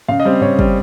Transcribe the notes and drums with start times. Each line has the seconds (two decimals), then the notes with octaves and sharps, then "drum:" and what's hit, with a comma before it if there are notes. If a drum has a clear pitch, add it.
0.08 C#3 F5
0.20 D#5
0.25 G3 C4
0.42 C#3 C#5
0.59 G3 C4, drum: kick